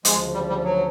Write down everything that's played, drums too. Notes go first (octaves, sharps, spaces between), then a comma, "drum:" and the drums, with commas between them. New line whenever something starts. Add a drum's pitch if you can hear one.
D2 C#3 F3 G#3, drum: hi-hat
G3
G3
F#3